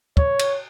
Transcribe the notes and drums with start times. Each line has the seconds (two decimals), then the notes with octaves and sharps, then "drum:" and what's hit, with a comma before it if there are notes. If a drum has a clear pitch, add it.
0.17 C#5, drum: kick
0.39 drum: cymbal